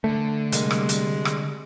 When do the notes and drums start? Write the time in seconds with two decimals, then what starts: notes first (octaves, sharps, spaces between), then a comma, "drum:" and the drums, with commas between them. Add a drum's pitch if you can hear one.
0.04 D3 A3
0.52 C3 G3 G#3 A#3, drum: hi-hat
0.71 drum: rim click
0.89 drum: hi-hat
1.25 drum: rim click